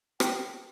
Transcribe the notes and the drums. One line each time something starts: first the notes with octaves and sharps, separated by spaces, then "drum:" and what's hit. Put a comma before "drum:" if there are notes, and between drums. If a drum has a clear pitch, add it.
G5, drum: rim click